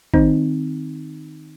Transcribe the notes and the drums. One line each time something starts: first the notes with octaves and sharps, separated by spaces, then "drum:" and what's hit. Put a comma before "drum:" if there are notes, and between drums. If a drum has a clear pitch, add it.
D#3 C4 D#4, drum: kick